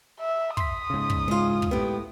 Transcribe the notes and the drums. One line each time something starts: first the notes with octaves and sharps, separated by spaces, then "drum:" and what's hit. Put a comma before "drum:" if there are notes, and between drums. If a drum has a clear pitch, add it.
E5
C6 D#6 B6, drum: kick
G#2 C#3
drum: kick
G#3 C#4 F4
drum: kick
A2 B3 G4